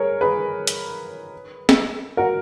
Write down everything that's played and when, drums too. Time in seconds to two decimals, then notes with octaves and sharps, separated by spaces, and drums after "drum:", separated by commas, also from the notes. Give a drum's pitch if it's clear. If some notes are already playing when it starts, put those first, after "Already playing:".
Already playing: G#4 A#4 C#5
0.21 G#4 B4
0.67 drum: hi-hat
1.69 drum: snare
2.17 F#4 A#4